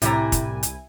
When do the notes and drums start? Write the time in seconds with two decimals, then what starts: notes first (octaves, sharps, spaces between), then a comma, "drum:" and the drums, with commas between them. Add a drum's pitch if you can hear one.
0.02 C2 A2 C3 G3 E4 G#5 A#5, drum: hi-hat
0.32 drum: kick, hi-hat
0.63 drum: hi-hat